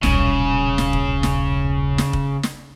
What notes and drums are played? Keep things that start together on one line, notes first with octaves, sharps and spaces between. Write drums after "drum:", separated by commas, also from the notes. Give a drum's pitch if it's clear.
D#1 B1 C#3, drum: snare
drum: snare
drum: kick
drum: snare
drum: snare
drum: kick
drum: snare